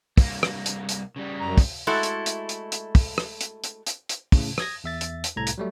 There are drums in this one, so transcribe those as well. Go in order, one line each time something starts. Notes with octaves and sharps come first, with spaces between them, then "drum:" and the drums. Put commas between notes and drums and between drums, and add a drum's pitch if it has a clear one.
C2 A#3, drum: kick, open hi-hat
drum: rim click
drum: hi-hat
drum: hi-hat
C#3 G3
F#2 A#5
drum: kick, open hi-hat
G#3 A3 E4 F#4 A4
drum: hi-hat
drum: hi-hat
drum: hi-hat
drum: hi-hat
drum: kick, open hi-hat
drum: rim click
drum: hi-hat
drum: hi-hat
drum: hi-hat
drum: hi-hat
A2 C#3, drum: kick, open hi-hat
D#6 G#6 A#6, drum: rim click
E2 E5 A6
drum: hi-hat
drum: hi-hat
C2 A2 A4 A#5 G#6
drum: hi-hat
F#3 G3 A3